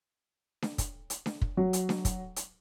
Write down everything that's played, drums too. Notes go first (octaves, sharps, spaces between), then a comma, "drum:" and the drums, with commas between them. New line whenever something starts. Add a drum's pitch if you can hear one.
drum: snare D4
drum: kick, hi-hat
drum: hi-hat
drum: snare D4
drum: kick
F#3
drum: hi-hat
drum: snare D4
drum: kick, hi-hat
drum: hi-hat